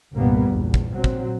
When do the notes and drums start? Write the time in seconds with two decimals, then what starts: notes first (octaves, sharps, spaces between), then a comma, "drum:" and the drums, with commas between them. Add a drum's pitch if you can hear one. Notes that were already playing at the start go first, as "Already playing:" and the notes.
0.14 G1 C2 A#2 G3 A#3 B3
0.46 A#1 E2
0.74 drum: kick
0.93 A#2 F#3 C4
1.04 drum: kick